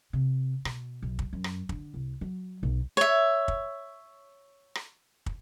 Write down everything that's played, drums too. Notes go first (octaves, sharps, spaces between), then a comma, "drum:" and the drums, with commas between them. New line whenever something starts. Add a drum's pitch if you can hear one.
C3
B2, drum: rim click
B1
drum: kick
F#2
drum: rim click
D3, drum: kick
C2
F#3
B1
C#5 E5
drum: kick
drum: rim click
drum: kick